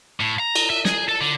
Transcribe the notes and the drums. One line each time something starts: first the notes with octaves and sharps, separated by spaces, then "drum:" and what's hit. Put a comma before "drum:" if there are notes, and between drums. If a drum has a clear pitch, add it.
A2
A#5
drum: cymbal
E5
G#4, drum: snare
A4
D3